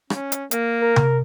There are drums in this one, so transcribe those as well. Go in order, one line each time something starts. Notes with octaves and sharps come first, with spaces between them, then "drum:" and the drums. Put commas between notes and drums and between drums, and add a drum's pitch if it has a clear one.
C#4, drum: rim click
drum: hi-hat
A#3, drum: hi-hat
A#4
drum: tom C3